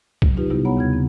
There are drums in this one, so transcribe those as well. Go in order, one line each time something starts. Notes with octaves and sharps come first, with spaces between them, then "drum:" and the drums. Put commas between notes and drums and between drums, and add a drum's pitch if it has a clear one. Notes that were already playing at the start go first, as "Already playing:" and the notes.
C3 F#3, drum: kick C2
D#4 F4 G4 B4
C3 G3 B3 D#4 E4 G4
B3 C#5 F#5 A#5 B5
D#2 C#3 G#6
C4